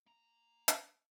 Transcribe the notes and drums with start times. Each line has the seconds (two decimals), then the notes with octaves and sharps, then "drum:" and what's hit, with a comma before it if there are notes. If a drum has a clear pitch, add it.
0.06 A#3 A#5
0.68 drum: hi-hat